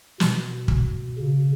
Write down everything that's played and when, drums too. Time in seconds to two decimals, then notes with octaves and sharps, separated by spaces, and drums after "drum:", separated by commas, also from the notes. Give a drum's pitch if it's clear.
0.20 B2, drum: snare
0.68 drum: kick
1.18 C#3